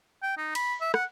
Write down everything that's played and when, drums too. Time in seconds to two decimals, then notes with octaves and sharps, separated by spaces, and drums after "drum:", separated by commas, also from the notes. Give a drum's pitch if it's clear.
0.23 G5
0.37 D#4
0.55 B5, drum: cymbal
0.81 E5
0.94 F#5, drum: rim click